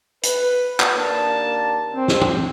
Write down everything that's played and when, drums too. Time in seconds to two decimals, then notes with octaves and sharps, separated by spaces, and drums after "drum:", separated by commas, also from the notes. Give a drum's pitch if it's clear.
0.23 B4, drum: hi-hat
0.80 drum: clap
0.93 D#2 A#3 D4 A5
1.92 C4
2.08 drum: snare
2.22 drum: tom